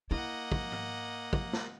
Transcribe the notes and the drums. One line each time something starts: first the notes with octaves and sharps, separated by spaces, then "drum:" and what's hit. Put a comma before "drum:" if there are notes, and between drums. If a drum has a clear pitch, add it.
A#3 E4 D#5 F#5
drum: kick
drum: tom G#2
drum: kick
drum: snare